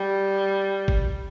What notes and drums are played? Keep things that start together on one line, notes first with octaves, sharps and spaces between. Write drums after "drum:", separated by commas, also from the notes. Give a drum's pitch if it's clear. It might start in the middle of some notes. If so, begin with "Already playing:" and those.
Already playing: G3
drum: kick G#1